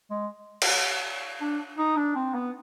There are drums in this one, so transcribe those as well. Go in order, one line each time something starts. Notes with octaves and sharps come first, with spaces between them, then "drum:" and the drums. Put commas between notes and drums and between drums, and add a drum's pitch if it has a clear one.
G#3
drum: cymbal
D4
D#4
D4
C4
B3